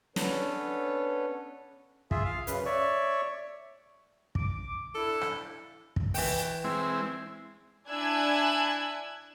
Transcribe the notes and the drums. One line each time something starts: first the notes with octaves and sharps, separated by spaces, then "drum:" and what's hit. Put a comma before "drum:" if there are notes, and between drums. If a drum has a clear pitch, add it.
B3 C#4 D4 A4 B4 C#5, drum: snare
F4 G#4 E5, drum: kick
F5
F#2 C#3 B4, drum: hi-hat
C#5 D5 E5 C#6
D6, drum: kick
D4 E4 A4
drum: rim click
drum: kick
E3 G5, drum: open hi-hat
G#3 C4 E4
D4 E4 G#5 E6 F#6 G#6